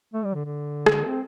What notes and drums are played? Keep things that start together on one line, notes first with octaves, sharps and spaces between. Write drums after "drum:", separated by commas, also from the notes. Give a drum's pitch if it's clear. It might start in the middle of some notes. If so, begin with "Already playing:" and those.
A3
G3
D3
D3
drum: rim click
C4